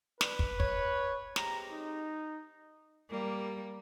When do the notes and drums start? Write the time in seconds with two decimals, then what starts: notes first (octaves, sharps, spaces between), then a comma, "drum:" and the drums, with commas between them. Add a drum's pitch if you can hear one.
0.21 D4 B4, drum: snare
0.39 drum: kick
0.60 C#5, drum: kick
1.36 G#3 C4 G4 A#5, drum: snare
1.71 D#4
3.10 G3 A#3